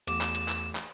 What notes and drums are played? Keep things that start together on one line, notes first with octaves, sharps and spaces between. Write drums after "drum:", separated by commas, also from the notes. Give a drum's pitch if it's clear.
A1 E2 D6 E7, drum: cymbal
drum: clap
drum: cymbal
drum: clap
drum: clap